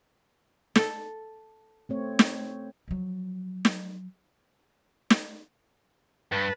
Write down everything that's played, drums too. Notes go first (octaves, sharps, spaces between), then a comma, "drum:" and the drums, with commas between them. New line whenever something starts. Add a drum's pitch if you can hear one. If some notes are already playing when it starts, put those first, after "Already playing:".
A4, drum: snare
A3 C4 C#5
drum: snare
F3 F#3
drum: snare
drum: snare
G2 B4 A5